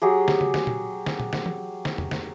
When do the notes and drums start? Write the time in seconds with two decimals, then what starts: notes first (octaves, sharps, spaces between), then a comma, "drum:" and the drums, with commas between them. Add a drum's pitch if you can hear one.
0.02 F#3 G4 G#4
0.28 drum: snare
0.41 drum: tom C#3
0.54 drum: snare
0.67 drum: tom A#2
1.06 drum: snare
1.20 drum: tom A#2
1.33 drum: snare
1.46 drum: tom
1.85 drum: snare
1.98 drum: tom
2.11 drum: snare